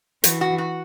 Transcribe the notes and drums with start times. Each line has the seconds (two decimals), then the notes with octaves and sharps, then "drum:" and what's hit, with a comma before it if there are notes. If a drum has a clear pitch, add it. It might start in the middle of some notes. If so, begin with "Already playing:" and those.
0.24 E3 F#4, drum: hi-hat
0.41 F#4
0.58 F#4